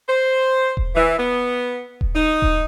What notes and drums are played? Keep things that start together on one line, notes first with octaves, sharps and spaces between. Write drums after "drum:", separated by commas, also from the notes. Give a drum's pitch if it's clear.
C5
drum: kick D#1
E3
B3
drum: kick D#1
D#4
drum: kick D#1